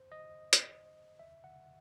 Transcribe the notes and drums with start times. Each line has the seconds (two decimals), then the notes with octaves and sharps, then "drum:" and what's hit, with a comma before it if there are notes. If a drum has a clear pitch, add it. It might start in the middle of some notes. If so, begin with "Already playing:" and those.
Already playing: C5
0.12 D#5
0.53 drum: hi-hat
1.19 E5
1.44 F#5